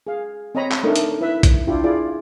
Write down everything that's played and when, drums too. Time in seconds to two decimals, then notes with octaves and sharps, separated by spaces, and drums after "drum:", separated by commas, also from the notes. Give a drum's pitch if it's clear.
0.07 G#4 F5
0.55 C4 C#5 D#5 A#5 B5
0.72 drum: clap
0.83 A3 D4 D#4 A#4
0.96 drum: hi-hat
1.21 E4 B4 E5
1.43 drum: kick A#1, hi-hat
1.67 D4 E4 F4 G4
1.84 E4 F4 G#4 D5